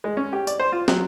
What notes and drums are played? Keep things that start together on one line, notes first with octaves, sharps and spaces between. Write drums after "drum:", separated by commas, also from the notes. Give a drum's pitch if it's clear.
G#3
C#4
G4
D5, drum: tambourine
C5
F4
F#3, drum: snare